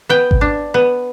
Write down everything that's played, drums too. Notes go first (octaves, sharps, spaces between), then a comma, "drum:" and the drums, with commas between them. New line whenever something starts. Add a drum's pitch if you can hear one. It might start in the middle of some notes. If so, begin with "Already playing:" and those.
B3 G5
drum: kick G#1
D4
B3